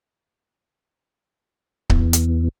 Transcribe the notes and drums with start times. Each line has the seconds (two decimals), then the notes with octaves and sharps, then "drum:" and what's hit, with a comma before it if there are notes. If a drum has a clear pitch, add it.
1.90 E2, drum: kick C#1
2.13 drum: hi-hat